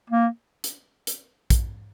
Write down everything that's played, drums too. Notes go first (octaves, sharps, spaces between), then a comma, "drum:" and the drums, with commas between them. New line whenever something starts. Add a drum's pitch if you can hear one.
A#3
drum: hi-hat
drum: hi-hat
drum: kick A#1, hi-hat